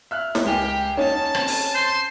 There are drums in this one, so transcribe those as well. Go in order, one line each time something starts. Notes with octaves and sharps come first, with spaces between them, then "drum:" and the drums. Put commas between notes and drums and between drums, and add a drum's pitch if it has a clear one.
E5 F6 F#6
drum: snare
C#2 G4 A#4 G5 G#5
A#3 C#4 D#4 A5
C4, drum: rim click
drum: open hi-hat
C5